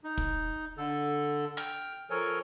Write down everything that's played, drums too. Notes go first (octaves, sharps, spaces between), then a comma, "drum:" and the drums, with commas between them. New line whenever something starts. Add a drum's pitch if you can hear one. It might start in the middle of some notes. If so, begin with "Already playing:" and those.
D#4
drum: kick
D3 A4
G5 F6, drum: hi-hat
F3 A4 A#4 C#5 G#5